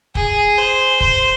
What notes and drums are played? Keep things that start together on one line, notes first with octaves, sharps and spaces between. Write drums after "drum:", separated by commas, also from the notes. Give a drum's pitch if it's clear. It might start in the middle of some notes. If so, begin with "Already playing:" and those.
G#4, drum: kick
C5
C5, drum: kick